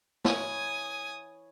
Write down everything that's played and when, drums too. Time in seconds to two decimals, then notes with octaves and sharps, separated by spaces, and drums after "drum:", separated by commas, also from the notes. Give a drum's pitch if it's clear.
0.25 E4 C#5 G#5 D#6, drum: snare